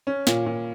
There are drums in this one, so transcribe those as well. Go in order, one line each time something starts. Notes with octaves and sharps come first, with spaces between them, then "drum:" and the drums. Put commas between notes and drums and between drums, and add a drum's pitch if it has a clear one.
C#4
A#2, drum: snare
A#2